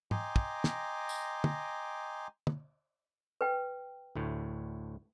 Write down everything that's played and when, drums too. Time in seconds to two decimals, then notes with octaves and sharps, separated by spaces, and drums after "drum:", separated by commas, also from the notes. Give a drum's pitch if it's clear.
0.11 D#5 G5 G#5 A#5 C6 D6, drum: tom
0.36 drum: kick
0.64 drum: snare
1.09 drum: tambourine
1.44 drum: tom
2.47 drum: tom
3.41 B4 G5
4.16 D2 A2